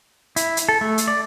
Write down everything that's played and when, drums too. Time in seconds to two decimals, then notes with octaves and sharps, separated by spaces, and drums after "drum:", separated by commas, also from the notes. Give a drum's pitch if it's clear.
0.36 E4, drum: hi-hat
0.57 drum: hi-hat
0.69 A4
0.81 A3
0.98 drum: hi-hat
1.08 D5